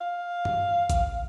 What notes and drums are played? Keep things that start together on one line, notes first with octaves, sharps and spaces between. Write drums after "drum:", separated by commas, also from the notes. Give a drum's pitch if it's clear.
F5
drum: tom G2
drum: kick A1, hi-hat